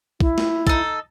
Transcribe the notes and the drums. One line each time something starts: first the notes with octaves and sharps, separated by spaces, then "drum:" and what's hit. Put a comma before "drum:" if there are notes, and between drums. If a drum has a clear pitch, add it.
E4, drum: kick
drum: snare
D#4 A4, drum: kick